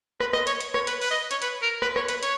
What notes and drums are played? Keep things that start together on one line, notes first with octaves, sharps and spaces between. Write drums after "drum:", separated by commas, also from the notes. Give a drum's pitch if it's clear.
B4, drum: rim click
D#5, drum: rim click
C#5, drum: hi-hat
drum: hi-hat
C#5, drum: rim click
B4, drum: hi-hat
B4, drum: open hi-hat
D#5
C#5, drum: hi-hat
B4, drum: hi-hat
A#4
B4, drum: rim click
C#5, drum: rim click
B4, drum: hi-hat
C#5, drum: hi-hat